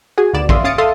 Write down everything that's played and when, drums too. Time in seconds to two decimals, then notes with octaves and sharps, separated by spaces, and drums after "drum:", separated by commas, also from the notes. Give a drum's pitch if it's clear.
0.18 F#4 G#4 G#5
0.33 D2 D#3 B3 D5 E7
0.49 D5 E5 F5 C6 D#6, drum: kick
0.64 C#4 F5 D#6 A6 C#7 D7
0.78 A4 E5 F5 A5 C6 D#6